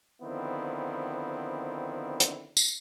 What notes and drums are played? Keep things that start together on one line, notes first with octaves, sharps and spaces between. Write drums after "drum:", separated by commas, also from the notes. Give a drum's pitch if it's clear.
D3 D#3 F3 B3 C4 E4
drum: hi-hat
drum: tambourine